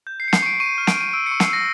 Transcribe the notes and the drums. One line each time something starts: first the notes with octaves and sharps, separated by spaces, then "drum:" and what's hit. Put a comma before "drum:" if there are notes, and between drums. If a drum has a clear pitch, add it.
G6
C7
G6 C#7
C7, drum: snare
C#6 D7
C#6 D#7
F6
D7, drum: snare
C#6 D#7
E6 D7
C#7
C#6
C7, drum: snare
E6 A#6